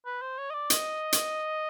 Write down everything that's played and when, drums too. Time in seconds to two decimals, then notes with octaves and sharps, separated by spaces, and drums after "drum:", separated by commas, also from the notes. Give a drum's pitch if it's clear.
0.06 B4
0.22 C5
0.38 C#5
0.50 D#5
0.54 D5
0.70 D#5, drum: hi-hat
1.12 drum: hi-hat